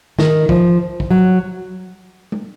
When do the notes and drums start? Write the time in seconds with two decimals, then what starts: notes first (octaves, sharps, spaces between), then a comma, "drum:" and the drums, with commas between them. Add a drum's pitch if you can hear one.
0.19 D#3, drum: snare
0.49 F3, drum: kick
1.00 drum: kick
1.10 F#3
2.32 drum: tom G#3